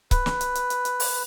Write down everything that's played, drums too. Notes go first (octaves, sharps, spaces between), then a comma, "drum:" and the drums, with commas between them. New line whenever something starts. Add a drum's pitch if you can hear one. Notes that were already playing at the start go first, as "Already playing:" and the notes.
B4, drum: kick C#1, hi-hat
drum: snare
drum: hi-hat
drum: hi-hat
drum: hi-hat
drum: hi-hat
drum: open hi-hat